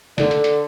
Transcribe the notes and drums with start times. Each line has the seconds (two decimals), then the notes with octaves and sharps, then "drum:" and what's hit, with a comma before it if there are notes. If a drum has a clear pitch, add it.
0.18 D3, drum: snare
0.31 drum: hi-hat
0.44 drum: hi-hat